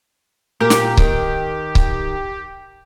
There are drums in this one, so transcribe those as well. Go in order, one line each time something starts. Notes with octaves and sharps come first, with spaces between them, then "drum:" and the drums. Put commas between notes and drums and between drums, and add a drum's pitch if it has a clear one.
A#2 G4 A#4
drum: snare
D#3, drum: kick C#1
drum: kick C#1